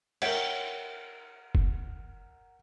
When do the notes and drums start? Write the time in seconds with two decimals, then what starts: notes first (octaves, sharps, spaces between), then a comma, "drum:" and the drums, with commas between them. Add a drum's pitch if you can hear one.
0.22 A#4 C#5 E5 F#5 G5, drum: cymbal
1.55 drum: kick